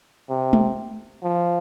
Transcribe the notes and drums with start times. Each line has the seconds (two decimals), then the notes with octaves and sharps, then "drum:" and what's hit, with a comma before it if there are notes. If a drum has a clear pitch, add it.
0.30 C3
0.53 drum: tom G#3
1.23 F3